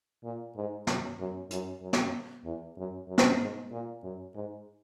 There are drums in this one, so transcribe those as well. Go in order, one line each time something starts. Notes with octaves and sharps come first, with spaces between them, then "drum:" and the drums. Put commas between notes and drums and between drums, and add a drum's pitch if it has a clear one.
A#2
G#2
F#2, drum: snare
F#2
F#2, drum: hi-hat
F#2
drum: snare
E2
F#2
F#2
drum: snare
G#2
A#2
F#2
G#2